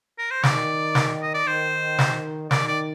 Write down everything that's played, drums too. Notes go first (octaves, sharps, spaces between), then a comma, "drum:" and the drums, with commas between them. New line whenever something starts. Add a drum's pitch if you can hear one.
A#4
C5
D#3 D5, drum: snare
drum: snare
D#5
D5
D#3 C5
drum: snare
D#3 D5, drum: snare
D5